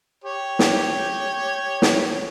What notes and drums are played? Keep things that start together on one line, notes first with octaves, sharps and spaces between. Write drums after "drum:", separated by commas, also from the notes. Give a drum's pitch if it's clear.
G4 C#5
drum: snare
drum: snare